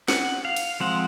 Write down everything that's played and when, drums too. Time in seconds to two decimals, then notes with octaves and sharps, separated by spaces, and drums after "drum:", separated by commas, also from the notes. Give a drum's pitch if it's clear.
0.08 F#5, drum: snare
0.45 F5
0.56 drum: cymbal
0.80 F3 G#3 C4 F#5